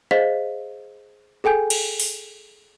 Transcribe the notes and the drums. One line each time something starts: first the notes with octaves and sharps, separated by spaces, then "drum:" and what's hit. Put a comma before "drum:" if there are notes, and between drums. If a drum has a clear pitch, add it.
G#4 C5 D#5 F5 B6
G#4 A4 G5 G#5 G6
drum: cymbal
drum: open hi-hat